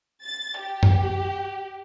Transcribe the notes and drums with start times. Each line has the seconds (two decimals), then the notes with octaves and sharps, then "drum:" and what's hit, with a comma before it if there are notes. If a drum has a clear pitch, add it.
0.23 A6
0.60 G4
0.83 drum: tom F#2